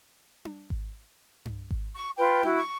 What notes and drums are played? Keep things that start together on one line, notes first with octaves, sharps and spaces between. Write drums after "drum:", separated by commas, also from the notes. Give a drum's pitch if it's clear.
drum: tom D4
drum: kick G#1
drum: tom G2
drum: kick G#1
C#6
F4 B4 G5
E4 F#4, drum: tom D4
C#6